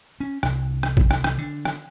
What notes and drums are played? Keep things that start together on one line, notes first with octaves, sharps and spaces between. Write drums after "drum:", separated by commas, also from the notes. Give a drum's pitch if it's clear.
C#4
C2, drum: rim click
drum: rim click
drum: kick
drum: rim click
drum: rim click
D3
drum: rim click